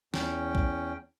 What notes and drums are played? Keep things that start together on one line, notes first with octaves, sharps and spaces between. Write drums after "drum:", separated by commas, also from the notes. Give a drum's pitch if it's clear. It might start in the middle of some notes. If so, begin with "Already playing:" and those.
E2 C#4 G5, drum: snare
drum: kick A#1